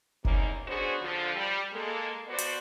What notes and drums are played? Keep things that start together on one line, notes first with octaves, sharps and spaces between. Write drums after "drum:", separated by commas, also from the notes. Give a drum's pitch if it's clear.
E2 C3 D#3 A#3 C#4 D#4, drum: kick F1
B3 C#4 D4 F#4 G#4 C5
D3 F3
G3
G#3 A#3 A4
F3 B3 F#4 C5 D5
drum: hi-hat